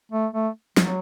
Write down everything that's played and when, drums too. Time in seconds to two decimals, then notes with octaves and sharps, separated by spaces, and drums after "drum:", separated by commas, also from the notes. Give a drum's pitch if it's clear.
0.12 A3
0.33 A3
0.77 F#3, drum: snare